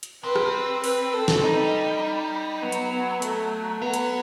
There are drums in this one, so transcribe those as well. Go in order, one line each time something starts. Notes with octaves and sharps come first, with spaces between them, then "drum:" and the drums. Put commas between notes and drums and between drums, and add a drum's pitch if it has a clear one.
drum: hi-hat
C4 B4
drum: rim click
B4, drum: open hi-hat
A4
drum: snare
G3 D#4
D#4
F#3 B3
drum: hi-hat
B3
A3, drum: hi-hat
F#3 B3
drum: hi-hat